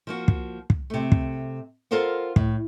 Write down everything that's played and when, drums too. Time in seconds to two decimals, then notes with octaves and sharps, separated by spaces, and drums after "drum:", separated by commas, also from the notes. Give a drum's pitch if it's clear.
0.07 F3 A#3 F#4
0.28 drum: kick
0.70 drum: kick
0.90 C3 A3
1.12 drum: kick
1.91 F4 A4 A#4 C5 F5 F#5
2.36 A2, drum: kick